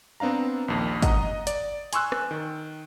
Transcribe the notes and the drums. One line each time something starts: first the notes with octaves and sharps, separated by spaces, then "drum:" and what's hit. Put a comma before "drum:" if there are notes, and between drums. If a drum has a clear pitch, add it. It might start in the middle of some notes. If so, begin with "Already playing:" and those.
B3 C4 D4 F5 A#5
A#1 D#2
D#5 F#5 A#5 D#6, drum: kick, hi-hat
D5, drum: hi-hat
G#5 C6 C#6 E6 F#6, drum: hi-hat
drum: rim click
D#3